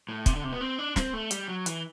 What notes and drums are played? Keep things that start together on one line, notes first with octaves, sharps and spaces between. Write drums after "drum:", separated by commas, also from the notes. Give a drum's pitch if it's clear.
A2
C3, drum: kick, hi-hat
D3
C3
B3
C4
D4
C4, drum: snare
A3
G3, drum: hi-hat
F#3
E3, drum: hi-hat